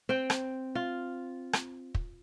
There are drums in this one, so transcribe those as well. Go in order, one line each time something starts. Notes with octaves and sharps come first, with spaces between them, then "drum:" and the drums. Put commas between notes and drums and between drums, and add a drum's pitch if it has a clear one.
C4 G5
drum: rim click
F4
drum: rim click
drum: kick